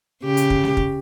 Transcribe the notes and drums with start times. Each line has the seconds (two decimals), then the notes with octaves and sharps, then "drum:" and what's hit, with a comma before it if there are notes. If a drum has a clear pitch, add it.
0.24 C#3 G4
0.37 drum: hi-hat
0.50 drum: kick
0.64 drum: snare G#3
0.77 drum: kick